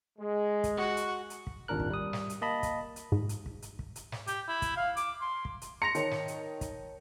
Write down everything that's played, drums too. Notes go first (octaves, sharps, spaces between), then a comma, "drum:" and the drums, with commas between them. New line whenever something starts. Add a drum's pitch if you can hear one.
G#3
drum: kick, hi-hat
F#4
drum: hi-hat
drum: hi-hat
drum: kick
G#1 D#2 A#2 D4 A#4 F#6
drum: kick
G3 D#6
drum: snare
drum: hi-hat
A#3 D#5 A5 B5
drum: kick, hi-hat
drum: hi-hat
G#2
drum: hi-hat
drum: kick
drum: hi-hat
drum: kick
drum: hi-hat
drum: snare
G4, drum: hi-hat
E4
drum: kick, hi-hat
F5
D6, drum: hi-hat
C6
drum: kick
drum: hi-hat
A#5 C6 A#6 C#7 F7
D#3 C#5 A5, drum: hi-hat
drum: snare
drum: hi-hat
drum: kick, hi-hat